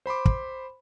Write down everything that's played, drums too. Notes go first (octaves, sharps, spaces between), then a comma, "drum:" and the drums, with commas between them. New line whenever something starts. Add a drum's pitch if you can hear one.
C5 B5 C6 D6
drum: kick